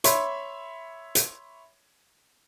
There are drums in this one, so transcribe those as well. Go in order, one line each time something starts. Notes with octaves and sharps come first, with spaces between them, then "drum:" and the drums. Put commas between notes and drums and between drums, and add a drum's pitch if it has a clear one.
C#5 E5 B5 C6, drum: hi-hat
drum: hi-hat